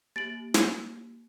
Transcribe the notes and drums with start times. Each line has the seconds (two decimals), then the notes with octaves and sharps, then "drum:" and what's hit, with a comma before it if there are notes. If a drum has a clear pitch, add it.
0.16 A#3 G4 A6 D7 F#7
0.54 drum: snare